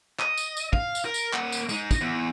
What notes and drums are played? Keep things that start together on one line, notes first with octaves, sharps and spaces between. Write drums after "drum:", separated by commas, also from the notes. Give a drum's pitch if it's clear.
D#5, drum: clap
drum: tambourine
drum: tambourine
F5, drum: kick
drum: tambourine
A#4
drum: tambourine
A#3 F#5, drum: clap
drum: tambourine
G#3 D#4, drum: tambourine
drum: kick, tambourine
E2